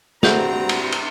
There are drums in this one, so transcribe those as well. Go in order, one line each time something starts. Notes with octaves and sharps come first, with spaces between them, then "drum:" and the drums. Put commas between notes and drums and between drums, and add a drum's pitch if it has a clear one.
G2 C4 F#4 G#4 C5 F#5 A#5 G6, drum: snare
drum: cymbal
drum: cymbal